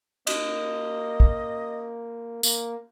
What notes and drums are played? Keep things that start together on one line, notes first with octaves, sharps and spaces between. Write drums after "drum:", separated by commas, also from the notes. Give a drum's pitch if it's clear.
A#3 D#5, drum: cymbal
drum: kick
A#3, drum: tambourine